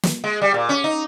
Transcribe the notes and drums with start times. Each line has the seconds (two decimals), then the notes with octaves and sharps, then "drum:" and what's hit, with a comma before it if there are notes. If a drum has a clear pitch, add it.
0.03 drum: snare
0.24 G#3
0.42 G3
0.54 A#2
0.69 C#4
0.84 D#4